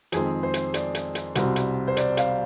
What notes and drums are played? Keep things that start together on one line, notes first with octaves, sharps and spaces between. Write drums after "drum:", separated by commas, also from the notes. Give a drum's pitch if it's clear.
F2 D#3 G#3 C4 G#4, drum: hi-hat
C5
drum: hi-hat
D5, drum: hi-hat
drum: hi-hat
drum: hi-hat
C2 B2 G3 C4, drum: hi-hat
drum: hi-hat
C5
D5, drum: hi-hat
F5, drum: hi-hat